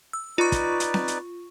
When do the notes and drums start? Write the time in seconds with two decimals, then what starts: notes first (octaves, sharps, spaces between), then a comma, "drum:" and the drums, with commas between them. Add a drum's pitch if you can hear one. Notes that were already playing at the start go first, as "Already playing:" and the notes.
0.13 E6
0.38 D#4 F4 B4 D5 C#6
0.52 drum: kick, hi-hat
0.80 drum: hi-hat
0.94 drum: snare C4
1.08 drum: hi-hat